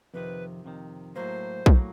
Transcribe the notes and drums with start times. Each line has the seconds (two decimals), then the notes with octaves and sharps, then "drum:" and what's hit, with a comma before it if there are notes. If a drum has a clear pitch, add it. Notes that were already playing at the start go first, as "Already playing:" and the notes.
0.14 F2 C3 D#3 B4
0.64 F2 C3 D#3
1.15 A2 F#3 A#3 C5
1.66 A2 F#3 A#3, drum: kick B1